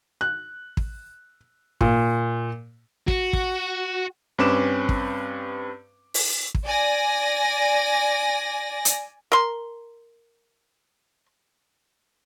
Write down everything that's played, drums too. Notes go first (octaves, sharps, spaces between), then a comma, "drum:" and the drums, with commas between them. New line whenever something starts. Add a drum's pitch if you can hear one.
F#6
drum: kick
A#2, drum: kick
F#4, drum: kick
drum: kick
G2 C4 C#4 B4 D6 E7
drum: kick
drum: open hi-hat
drum: kick
D5 G#5 A#6
drum: hi-hat
A#4 C6